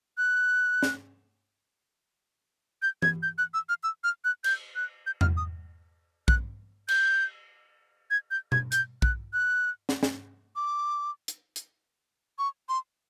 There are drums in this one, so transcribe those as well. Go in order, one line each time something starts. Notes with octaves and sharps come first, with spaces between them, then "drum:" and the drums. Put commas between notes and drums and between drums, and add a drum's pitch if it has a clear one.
F#6
drum: snare
G6
G#6, drum: tom E3
G6
F#6
E6
F6
E6
F6
F#6
G6, drum: cymbal
F#6
G6
F6, drum: tom E2
D#6
F#6, drum: kick A#1
G6, drum: cymbal
G#6
G6
G#6, drum: tom B2
G6, drum: hi-hat
F#6, drum: kick A#1
F#6
drum: snare
drum: snare
D6
drum: hi-hat
drum: hi-hat
C#6
C6